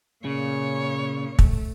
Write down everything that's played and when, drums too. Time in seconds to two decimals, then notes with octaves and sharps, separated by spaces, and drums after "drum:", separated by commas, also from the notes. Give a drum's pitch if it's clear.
0.25 A#2 C#3 C#5
1.39 A3, drum: kick